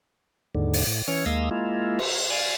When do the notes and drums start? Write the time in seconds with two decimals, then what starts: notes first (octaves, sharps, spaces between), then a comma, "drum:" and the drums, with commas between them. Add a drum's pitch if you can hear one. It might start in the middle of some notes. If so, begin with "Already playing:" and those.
0.55 D#2 G#2 D3
0.73 drum: open hi-hat
0.87 A2
1.08 E3 C#4 C#5
1.26 D#2 G#3 A#3 F5 D#6 E6
1.51 G#3 A#3 E4 F4
1.99 drum: cymbal
2.30 D5 F5 G#5